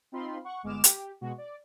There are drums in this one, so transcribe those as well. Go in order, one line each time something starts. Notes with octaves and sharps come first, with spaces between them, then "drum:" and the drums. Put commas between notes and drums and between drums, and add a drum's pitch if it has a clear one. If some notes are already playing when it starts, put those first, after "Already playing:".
C4 D#4 F4 B5 C6
F#5 C#6
G1 G#3 B3 D6 F6 E7
G4, drum: hi-hat
B2 G#3 F#4
D5